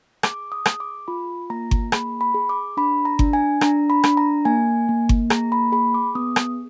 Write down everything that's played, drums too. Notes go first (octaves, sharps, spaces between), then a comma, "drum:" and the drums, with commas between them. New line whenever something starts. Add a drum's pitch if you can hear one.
G#4 D6, drum: rim click
D#6
G#4, drum: rim click
D6
F4 B5
A#3 A#5
drum: kick G1
G#4 B5, drum: rim click
B5
G#4
D6
D4 B5
A#5
D4, drum: kick G1
G#5
D4 A#5, drum: rim click
B5
D4, drum: rim click
A#5
A#3 G#5
A#3
drum: kick G1
G#4 A#5, drum: rim click
B5
G#4 B5
D6
B3 D#6
drum: rim click